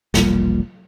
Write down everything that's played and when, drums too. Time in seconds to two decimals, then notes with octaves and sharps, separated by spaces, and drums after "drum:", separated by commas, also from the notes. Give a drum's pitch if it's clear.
0.14 E1 A#1 A#2 G3, drum: snare